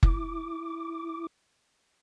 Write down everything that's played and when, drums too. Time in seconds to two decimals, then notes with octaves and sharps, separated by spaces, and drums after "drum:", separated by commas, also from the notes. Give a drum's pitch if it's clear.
0.03 E4 D6, drum: kick F#1